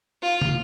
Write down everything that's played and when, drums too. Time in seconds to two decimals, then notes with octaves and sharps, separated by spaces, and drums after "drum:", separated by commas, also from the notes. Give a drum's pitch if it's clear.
0.22 F4
0.41 drum: tom